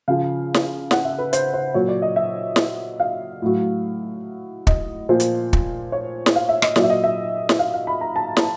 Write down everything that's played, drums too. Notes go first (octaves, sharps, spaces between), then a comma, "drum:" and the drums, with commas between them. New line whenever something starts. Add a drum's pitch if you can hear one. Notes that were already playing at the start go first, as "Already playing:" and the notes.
C#3 F3 F5
drum: snare
F#5, drum: snare
E5
B4
C5, drum: hi-hat
C5
A#2 F#3 C#5
D5
D#5
E5
drum: snare
F5
A2 F#3
D#5, drum: kick
A#2 F3 C5
drum: hi-hat
drum: kick
C#5
drum: snare
F5
E5
D#5, drum: rim click
A#2 F#3 D5, drum: snare
E5
D#5
E5
drum: snare
F5
F5
B5
A#5
A5
drum: snare